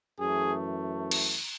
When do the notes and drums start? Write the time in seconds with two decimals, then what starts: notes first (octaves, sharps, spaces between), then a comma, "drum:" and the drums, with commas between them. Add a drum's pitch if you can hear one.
0.18 F#2 E3 A3 G#4
1.11 drum: cymbal